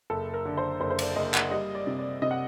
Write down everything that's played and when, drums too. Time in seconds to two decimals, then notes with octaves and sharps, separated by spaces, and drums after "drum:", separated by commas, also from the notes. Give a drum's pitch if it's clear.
0.10 F#1 A4
0.34 A#4
0.45 D3
0.57 C5
0.80 F#1 C5
0.90 C5
0.99 D5, drum: cymbal
1.16 F#1 D#5
1.34 F#5, drum: clap
1.51 G3 D#5
1.75 D5
1.87 C3
1.99 D5
2.22 C3 D#5
2.31 F#5